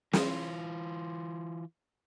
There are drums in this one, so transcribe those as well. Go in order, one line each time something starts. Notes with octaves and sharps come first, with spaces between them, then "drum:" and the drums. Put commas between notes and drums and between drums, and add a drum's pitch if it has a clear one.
E3 F4, drum: snare